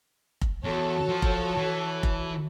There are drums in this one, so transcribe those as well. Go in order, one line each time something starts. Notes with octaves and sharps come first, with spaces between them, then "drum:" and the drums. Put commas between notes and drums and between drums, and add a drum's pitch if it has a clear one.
drum: kick F1
E2 F#4 A4 C#5
F3
drum: kick F1
E3
drum: kick F1